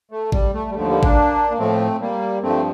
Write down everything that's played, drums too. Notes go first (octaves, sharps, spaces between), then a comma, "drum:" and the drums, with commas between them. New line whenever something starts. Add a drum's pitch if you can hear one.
A3
G3, drum: kick G#1
A3
G3
D#2 D3 F3 A3
G3 A#3
A#3 D4, drum: kick G#1
A#3
A2 F3 A3 C4
G3 A#3
G2 F3 A3 C4